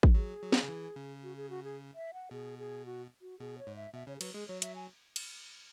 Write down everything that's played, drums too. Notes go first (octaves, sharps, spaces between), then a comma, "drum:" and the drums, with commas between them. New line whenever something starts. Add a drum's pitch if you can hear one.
drum: kick
F#3 G#4
F#3
drum: snare
C#3
E3
C#3
F#4
G#4
F#4
G#4
E5
F#5
B2 G#4
G#4
F#4
F#4
B2 G#4
C#5
G#2
E5
B2 E5
C#3 C#5
G#4
F#3 B4, drum: cymbal
G#3 G#4
F#3 C#5
E5, drum: hi-hat
G#5
drum: cymbal